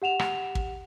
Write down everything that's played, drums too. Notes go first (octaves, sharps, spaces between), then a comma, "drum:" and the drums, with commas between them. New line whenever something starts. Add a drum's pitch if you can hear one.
G4 F#5 E7 F7
drum: rim click
drum: kick